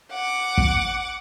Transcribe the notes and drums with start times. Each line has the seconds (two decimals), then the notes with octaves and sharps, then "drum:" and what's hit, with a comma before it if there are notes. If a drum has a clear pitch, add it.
0.12 F#5 D6
0.58 drum: kick